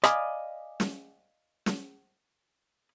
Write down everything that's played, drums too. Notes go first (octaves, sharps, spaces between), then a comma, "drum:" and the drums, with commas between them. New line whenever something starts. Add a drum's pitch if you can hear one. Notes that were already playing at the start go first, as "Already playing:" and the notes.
D5 D#5 F5 G#5 B5, drum: rim click
drum: snare
drum: snare